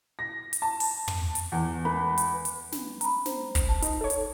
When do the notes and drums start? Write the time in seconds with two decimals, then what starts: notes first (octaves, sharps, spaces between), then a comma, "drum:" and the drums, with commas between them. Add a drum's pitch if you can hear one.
0.19 A#6
0.53 drum: hi-hat
0.62 A5
0.80 drum: open hi-hat
1.08 drum: tom
1.35 drum: hi-hat
1.52 E2
1.85 B4
2.18 drum: hi-hat
2.45 drum: hi-hat
2.72 drum: snare
3.01 A#5 B5, drum: hi-hat
3.26 C5, drum: snare
3.55 drum: kick, hi-hat
3.69 A5
3.82 D#4, drum: hi-hat
4.01 A4 C#5
4.10 drum: hi-hat